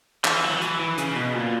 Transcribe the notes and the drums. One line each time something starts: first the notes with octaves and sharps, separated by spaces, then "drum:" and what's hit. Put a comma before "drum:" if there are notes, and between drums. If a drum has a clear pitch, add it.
E3, drum: clap
F#3
E3, drum: hi-hat
E3
C#3, drum: hi-hat
B2
A#2